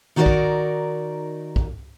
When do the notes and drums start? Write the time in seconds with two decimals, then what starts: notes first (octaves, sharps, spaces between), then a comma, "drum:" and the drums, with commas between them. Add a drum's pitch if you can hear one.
0.16 D#3 D#4 F#4 G#4 A#4 D5
0.26 drum: kick
1.56 drum: kick